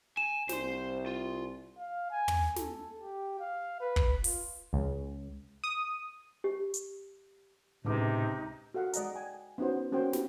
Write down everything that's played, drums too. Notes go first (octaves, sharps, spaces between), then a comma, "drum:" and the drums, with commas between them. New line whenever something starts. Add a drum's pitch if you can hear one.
G#5 E7
C2 C5 C6, drum: snare
F4
F5
G#5
drum: tom
A4, drum: snare
G4
F5
B4
drum: kick
F4, drum: open hi-hat
C#2
D#6
G4
drum: hi-hat
C#2 A2 C3 D#4 B4 D6
F#4 A4 F5 F#5
G#3 D5 D#5 F#5 A#5, drum: hi-hat
G5 G#5
B3 C#4 D#4 F#4 C5
A#3 C#4 F#4 C5 G5
B3 G4 B4, drum: snare